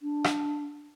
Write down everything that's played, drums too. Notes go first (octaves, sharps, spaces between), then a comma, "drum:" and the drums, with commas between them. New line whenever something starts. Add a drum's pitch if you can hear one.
D4
drum: rim click